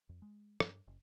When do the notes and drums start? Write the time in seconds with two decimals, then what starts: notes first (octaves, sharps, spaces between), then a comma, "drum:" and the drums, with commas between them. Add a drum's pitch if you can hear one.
0.09 F2
0.22 G#3
0.60 G2, drum: rim click
0.88 F#1